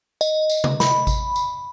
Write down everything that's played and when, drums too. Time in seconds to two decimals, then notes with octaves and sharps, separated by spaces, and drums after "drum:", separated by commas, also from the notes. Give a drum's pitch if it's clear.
0.21 D#5, drum: tambourine
0.50 drum: tambourine
0.64 drum: tom C3
0.80 B5, drum: snare
1.07 drum: kick A1, tambourine
1.36 drum: tambourine